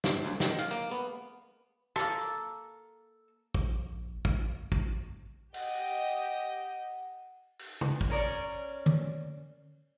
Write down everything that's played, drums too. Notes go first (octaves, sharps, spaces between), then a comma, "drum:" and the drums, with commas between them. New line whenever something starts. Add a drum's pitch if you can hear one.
G1, drum: snare
D2
D#3, drum: snare
F5, drum: hi-hat
A#3
B3
A#3 A4, drum: rim click
A#1, drum: kick
drum: kick
drum: kick
G4 D#5 F#5, drum: open hi-hat
drum: open hi-hat
drum: tom
drum: kick
C#4 A#4 D5
drum: tom D3